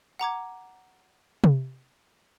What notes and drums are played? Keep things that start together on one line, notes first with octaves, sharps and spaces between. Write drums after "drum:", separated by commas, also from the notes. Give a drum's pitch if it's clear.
F#5 A#5 D6 G#6
drum: tom C3